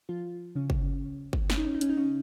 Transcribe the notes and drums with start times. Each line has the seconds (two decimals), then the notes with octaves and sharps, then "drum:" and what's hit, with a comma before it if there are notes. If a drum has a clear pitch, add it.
0.09 F3 F4
0.55 C#3 C#4
0.70 drum: kick
1.33 drum: kick
1.50 C#4, drum: snare
1.58 D#4
1.66 C#4
1.75 D#4
1.81 C#4, drum: hi-hat
1.89 D#4
1.97 C#3 C#4